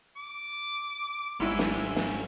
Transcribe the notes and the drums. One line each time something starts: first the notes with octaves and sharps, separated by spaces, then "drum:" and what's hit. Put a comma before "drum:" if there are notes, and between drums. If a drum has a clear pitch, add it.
D6
G#1 G#2 G3 C#4 E4 F4 E6
drum: snare
drum: snare